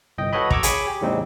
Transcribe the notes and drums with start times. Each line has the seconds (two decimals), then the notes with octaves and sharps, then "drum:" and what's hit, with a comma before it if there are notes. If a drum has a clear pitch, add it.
0.18 G1 C2 D#5 G5
0.33 F#4 A4 B4 C#5 D#5 B5
0.50 A#5 C#6 D6 E6 G#6, drum: kick
0.63 G#4 C#5 G#5 B5 C#6 D6, drum: hi-hat
0.87 G4
1.01 E2 A2 C#3 G3 C4 D#4